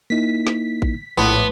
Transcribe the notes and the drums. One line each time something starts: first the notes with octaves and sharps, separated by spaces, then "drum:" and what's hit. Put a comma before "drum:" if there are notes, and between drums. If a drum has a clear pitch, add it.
A#3 D#4 E4 B6
drum: snare
drum: kick A1
A#1 A2 B3 A5 B5 C6 D6, drum: tambourine